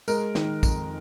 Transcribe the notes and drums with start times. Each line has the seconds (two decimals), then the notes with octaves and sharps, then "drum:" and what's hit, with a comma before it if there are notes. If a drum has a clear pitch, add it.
0.08 G#3 A#4, drum: tambourine
0.35 D#3, drum: snare
0.63 F2, drum: kick, tambourine